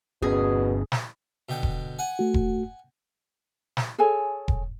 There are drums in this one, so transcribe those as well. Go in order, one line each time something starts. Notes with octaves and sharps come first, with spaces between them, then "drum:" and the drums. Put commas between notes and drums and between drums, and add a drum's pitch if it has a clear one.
G1 B2 C4 C#4 G#4
drum: snare
B2 D3 G5
drum: kick E1
F#5 G#5
A3 F#4
drum: kick E1
drum: snare
G#4 A4 C#5 G#5
drum: kick E1